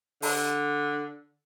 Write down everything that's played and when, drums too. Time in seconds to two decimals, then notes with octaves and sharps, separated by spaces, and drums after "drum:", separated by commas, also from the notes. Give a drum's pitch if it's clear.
0.22 D3, drum: open hi-hat